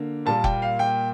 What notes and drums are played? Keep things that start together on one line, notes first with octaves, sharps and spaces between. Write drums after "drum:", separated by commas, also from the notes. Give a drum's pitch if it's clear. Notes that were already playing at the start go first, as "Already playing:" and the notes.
Already playing: D3 A#3
A#2 G3 A#3 A5
G5, drum: kick F1
F5
G5